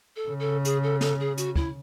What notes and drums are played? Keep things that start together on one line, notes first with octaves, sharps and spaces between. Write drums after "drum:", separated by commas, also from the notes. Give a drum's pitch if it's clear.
A4
C#3
A4
G#4, drum: hi-hat
A4
A4, drum: snare
G#4
F#4, drum: hi-hat
E4, drum: kick